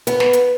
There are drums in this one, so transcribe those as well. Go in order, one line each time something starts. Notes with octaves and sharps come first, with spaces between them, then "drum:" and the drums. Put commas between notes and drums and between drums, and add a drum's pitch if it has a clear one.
B3, drum: hi-hat
drum: snare
drum: hi-hat